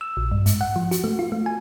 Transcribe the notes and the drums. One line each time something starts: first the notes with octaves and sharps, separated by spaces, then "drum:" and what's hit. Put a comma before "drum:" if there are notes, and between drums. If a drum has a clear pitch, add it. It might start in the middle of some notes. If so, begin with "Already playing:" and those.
E6
A#1
G2
G#2, drum: hi-hat
F#5
F3
F#4, drum: hi-hat
A3
F4
A3
G#5